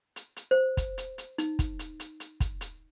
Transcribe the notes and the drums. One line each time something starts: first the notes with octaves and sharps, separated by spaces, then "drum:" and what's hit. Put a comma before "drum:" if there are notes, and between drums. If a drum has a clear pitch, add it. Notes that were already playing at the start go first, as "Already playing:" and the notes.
drum: hi-hat
drum: hi-hat
C5
drum: kick, hi-hat
drum: hi-hat
drum: hi-hat
D#4, drum: hi-hat
drum: kick, hi-hat
drum: hi-hat
drum: hi-hat
drum: hi-hat
drum: kick, hi-hat
drum: hi-hat